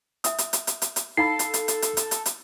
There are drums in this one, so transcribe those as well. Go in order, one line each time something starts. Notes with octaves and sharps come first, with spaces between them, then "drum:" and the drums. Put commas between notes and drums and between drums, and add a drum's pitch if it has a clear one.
E5 D#6, drum: hi-hat
drum: hi-hat
drum: hi-hat
drum: hi-hat
drum: hi-hat
drum: hi-hat
D#4 A4 F5 B5 C7
drum: hi-hat
drum: hi-hat
drum: hi-hat
drum: hi-hat
drum: hi-hat
drum: hi-hat
drum: hi-hat